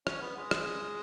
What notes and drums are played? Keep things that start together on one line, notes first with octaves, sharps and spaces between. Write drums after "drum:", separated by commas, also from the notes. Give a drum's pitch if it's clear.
C#4, drum: rim click
B3
G#3
drum: rim click